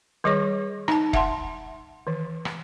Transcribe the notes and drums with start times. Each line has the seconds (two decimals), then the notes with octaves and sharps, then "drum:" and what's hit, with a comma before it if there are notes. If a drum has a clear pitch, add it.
0.24 D#3 G3 G#4 C#5 C#6
0.88 D#4 A5, drum: rim click
1.13 E5 F#5 A5 C6, drum: kick
2.07 D#3 E3
2.45 drum: rim click